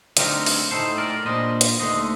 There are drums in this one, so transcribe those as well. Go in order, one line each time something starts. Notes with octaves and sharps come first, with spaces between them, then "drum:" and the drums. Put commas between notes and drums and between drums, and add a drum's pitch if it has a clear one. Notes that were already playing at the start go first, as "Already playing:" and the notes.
D2 D3 G3 C4 D#4 G4 A#4, drum: hi-hat
drum: open hi-hat
A2 A3 D#4 A4 C5
A#4 D5
A#2 G3 D4 C5 D#5
drum: hi-hat
D#2 D3 A3 C5 D#5